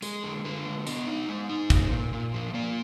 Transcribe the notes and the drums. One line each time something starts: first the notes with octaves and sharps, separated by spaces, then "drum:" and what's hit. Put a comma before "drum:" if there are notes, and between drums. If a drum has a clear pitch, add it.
G#3 G#4, drum: tambourine
D3
D3 B4
G#3
B3 D#5, drum: tambourine
D#4
G#3
D#4
A#2, drum: kick, tambourine
A#2
A#2
F3
A#3 D5